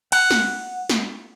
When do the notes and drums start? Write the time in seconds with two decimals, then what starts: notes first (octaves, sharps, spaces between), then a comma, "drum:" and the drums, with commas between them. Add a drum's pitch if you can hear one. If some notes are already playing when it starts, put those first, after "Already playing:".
0.12 F#5, drum: cymbal
0.31 drum: snare
0.90 drum: snare